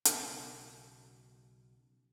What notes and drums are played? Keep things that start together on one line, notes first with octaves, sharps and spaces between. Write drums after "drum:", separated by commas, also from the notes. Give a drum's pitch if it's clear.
B1 C#3, drum: hi-hat